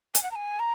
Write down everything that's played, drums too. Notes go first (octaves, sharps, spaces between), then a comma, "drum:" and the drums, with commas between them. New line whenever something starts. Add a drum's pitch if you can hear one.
G#5, drum: hi-hat
F#5
A#5
G#5
A#5